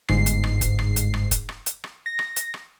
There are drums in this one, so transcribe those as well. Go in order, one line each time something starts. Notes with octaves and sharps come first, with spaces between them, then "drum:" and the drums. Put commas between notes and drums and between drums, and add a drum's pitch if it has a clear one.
G1 G#2 C7, drum: rim click
drum: hi-hat
drum: rim click
drum: kick, hi-hat
drum: rim click
drum: hi-hat
drum: rim click
drum: kick, hi-hat
drum: rim click
drum: hi-hat
drum: rim click
A#6
drum: rim click
drum: hi-hat
drum: rim click